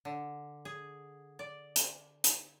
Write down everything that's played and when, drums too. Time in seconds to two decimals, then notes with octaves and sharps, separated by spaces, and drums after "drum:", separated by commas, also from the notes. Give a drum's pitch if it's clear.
0.05 D3
0.65 G#4
1.39 D5
1.76 drum: hi-hat
2.24 drum: hi-hat